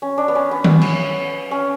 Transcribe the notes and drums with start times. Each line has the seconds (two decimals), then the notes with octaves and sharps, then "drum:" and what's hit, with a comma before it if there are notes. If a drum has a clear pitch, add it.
0.02 C#4
0.18 D4
0.28 B3
0.35 C#4
0.51 B3
0.64 drum: tom D#3
0.81 drum: cymbal
1.51 C#4